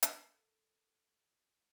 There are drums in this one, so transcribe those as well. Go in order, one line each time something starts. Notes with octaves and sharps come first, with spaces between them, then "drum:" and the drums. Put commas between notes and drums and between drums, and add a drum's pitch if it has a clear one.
A4 A#4, drum: hi-hat